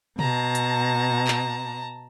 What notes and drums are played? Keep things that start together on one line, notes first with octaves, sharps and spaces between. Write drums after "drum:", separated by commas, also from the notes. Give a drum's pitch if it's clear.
B2 A5 A#5, drum: tom B2
drum: hi-hat
drum: clap